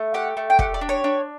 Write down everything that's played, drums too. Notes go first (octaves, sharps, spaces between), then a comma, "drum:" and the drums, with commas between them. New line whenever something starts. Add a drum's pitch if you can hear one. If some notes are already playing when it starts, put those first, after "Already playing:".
Already playing: A3
G4 F#5
A3
G5
G4 F#5, drum: kick
D5
D4
C#5
D4